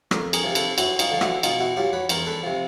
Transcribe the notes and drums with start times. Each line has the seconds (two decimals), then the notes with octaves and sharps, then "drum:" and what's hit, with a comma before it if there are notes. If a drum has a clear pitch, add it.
0.11 F2 A#4 C5, drum: rim click
0.33 G#4 A#4, drum: cymbal
0.44 C3 F3
0.55 A4 B4, drum: cymbal
0.78 F#2 E4 F#4, drum: cymbal
0.99 D#4 F4, drum: cymbal
1.10 D3 F3
1.21 E4 F#4, drum: rim click
1.43 B2 D#4 F4, drum: cymbal
1.60 E4 F#4
1.77 F#3 F4 G4
1.93 B4 C#5
2.09 E2 A#4 C5, drum: cymbal
2.26 A4 B4
2.43 C3 F3